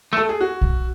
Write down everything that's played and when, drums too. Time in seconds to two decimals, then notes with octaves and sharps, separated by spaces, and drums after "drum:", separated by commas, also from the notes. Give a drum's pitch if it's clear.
0.13 A3
0.17 A4
0.29 G#4
0.41 F#4
0.61 drum: kick